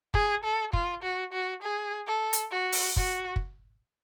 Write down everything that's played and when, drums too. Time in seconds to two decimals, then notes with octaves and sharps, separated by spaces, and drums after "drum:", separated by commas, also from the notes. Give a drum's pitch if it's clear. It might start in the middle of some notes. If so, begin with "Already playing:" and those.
0.14 G#4, drum: kick
0.44 A4
0.73 F4, drum: kick
1.03 F#4
1.33 F#4
1.62 G#4
2.07 A4
2.33 drum: hi-hat
2.52 F#4
2.72 drum: open hi-hat
2.96 F#4, drum: kick
3.36 drum: kick